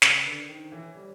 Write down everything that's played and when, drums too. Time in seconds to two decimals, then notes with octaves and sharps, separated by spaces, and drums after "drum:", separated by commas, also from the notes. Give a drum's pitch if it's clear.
0.02 C#3 B4, drum: snare
0.25 D3 A#4
0.49 D#3 C5
0.72 E3 C#5
0.95 G3